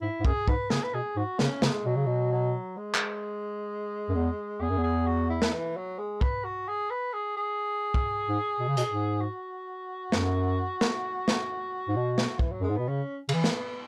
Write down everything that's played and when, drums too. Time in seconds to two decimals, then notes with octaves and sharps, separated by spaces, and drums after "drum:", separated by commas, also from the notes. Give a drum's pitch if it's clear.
0.01 G#2 E4
0.20 G#2
0.25 F#2 G#4, drum: kick
0.48 G#2 B4, drum: kick
0.70 C#3 G#4, drum: snare
0.83 B4
0.94 B2 G#4
1.16 G#2 F#4
1.39 C#3 C#4, drum: snare
1.62 C#3 G#3, drum: snare
1.85 B2 F#3
1.96 C#3
2.06 B2
2.32 F#3
2.77 G#3
2.95 drum: clap
4.09 F#2
4.15 E2
4.61 E2 G#4
4.70 F#2
4.78 E2
4.83 G#4
5.07 F#4
5.30 E4
5.42 drum: snare
5.53 E3
5.77 F#3
5.98 G#3
6.21 B4, drum: kick
6.44 F#4
6.68 G#4
6.90 B4
7.13 G#4
7.36 G#4
7.94 drum: kick
8.29 G#2
8.60 B2
8.68 C#3
8.77 B2, drum: hi-hat
8.90 G#2
9.21 F#4
10.12 F#2, drum: snare
10.81 drum: snare
11.28 drum: snare
11.88 G#2
11.96 B2
12.18 drum: snare
12.39 E3, drum: kick
12.52 F#3
12.60 F#2 G#3
12.70 G#2
12.76 B2 B3
12.88 C#3 C#4
13.29 C#3, drum: cymbal
13.33 E3 B3
13.44 drum: snare